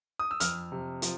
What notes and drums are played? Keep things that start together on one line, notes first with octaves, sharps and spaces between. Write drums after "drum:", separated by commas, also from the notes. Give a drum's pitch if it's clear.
D#6
E6
F2 F6, drum: hi-hat
C3
F3, drum: hi-hat